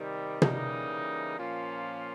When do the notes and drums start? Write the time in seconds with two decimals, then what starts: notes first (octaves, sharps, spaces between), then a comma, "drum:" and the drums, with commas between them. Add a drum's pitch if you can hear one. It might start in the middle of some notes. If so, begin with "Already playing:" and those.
Already playing: C3 D#3 G3
0.42 C#3 E3 G3 A#3 D#4, drum: tom
1.38 A#2 F3 A#3 C#4 F4